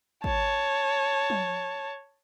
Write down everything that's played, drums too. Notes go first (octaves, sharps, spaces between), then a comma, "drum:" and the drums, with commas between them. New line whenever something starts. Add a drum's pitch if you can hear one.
C#5 A5, drum: kick
drum: tom